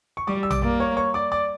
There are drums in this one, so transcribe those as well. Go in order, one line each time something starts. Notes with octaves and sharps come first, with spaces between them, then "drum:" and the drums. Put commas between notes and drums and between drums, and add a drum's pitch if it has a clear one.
C#6
G3 D5 D6
E6
D5 D6, drum: tom A#1
A#3 D5 D6
C#5 C#6
C#5 C#6
D5 D6
D5 D6